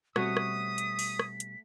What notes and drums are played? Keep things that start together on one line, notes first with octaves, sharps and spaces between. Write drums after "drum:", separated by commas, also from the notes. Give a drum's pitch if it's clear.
B2 G3 A3 C4 F#4 C#5 D#6 B6, drum: rim click
drum: rim click
drum: hi-hat
drum: open hi-hat
drum: rim click
drum: hi-hat